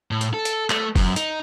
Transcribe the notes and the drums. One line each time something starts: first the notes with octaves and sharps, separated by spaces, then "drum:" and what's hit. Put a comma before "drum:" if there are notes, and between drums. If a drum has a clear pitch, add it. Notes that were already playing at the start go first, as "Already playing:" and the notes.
A2
drum: hi-hat
A4
drum: hi-hat
A3, drum: clap
F#2, drum: kick F#1, open hi-hat
D#4, drum: hi-hat